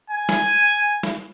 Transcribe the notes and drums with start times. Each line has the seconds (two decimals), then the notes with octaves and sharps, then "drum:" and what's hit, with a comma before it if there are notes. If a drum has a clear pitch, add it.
0.10 G#5
0.29 drum: snare
1.03 drum: snare